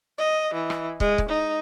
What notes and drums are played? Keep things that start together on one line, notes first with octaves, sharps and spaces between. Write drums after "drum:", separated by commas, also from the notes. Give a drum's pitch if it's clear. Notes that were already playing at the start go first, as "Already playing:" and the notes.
D#5
E3
drum: rim click
G#3, drum: kick
drum: kick
D#4